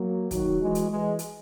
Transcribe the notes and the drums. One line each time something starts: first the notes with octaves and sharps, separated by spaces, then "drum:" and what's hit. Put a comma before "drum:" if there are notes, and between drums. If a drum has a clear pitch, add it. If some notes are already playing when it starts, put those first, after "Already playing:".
Already playing: F#3 A#3
D#3 F#3 F#4, drum: kick, hi-hat
E3 G#3
drum: hi-hat
E3 G#3
drum: hi-hat